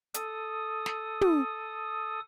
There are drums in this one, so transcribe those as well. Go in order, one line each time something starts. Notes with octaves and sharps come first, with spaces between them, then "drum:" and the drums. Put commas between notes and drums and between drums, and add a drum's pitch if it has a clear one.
A4 D#6, drum: hi-hat
drum: snare
drum: tom